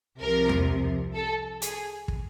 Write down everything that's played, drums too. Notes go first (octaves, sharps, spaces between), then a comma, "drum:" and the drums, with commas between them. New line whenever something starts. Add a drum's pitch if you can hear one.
C2 C3 F3 A#4
drum: tom E2
A4
G#4, drum: hi-hat
drum: kick